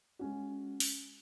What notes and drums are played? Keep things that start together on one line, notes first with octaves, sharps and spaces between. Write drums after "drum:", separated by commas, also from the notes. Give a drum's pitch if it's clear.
G#3 C#4 F#4
drum: open hi-hat